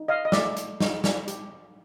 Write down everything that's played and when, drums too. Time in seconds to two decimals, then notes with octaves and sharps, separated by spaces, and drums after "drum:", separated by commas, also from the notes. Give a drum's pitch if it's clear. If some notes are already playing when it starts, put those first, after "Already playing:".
Already playing: D#4
0.08 D#5 F5
0.25 D#5
0.32 A3 D5 E5, drum: snare
0.56 drum: hi-hat
0.80 D#4, drum: snare
1.04 drum: snare
1.28 G4, drum: hi-hat